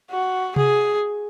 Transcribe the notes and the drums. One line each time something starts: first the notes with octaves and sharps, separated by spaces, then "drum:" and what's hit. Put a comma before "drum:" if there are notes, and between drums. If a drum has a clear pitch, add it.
F#4
G#4, drum: tom C3